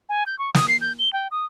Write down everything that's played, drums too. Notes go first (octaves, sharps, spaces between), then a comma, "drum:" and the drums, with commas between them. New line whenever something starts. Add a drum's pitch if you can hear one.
G#5
G6
C#6
D#6, drum: snare
C7
G6
G7
G5
D#6